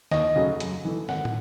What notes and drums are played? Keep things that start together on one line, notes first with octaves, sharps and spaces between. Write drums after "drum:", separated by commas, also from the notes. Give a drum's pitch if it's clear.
D#2 D#5, drum: snare
C#3 F#3 A3
F#2, drum: hi-hat
E3 A3
G#1 F#5, drum: snare
drum: tom